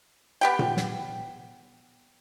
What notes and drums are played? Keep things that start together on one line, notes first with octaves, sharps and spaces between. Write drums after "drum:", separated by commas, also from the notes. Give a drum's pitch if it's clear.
B3 G4 G5
drum: tom A#2
drum: snare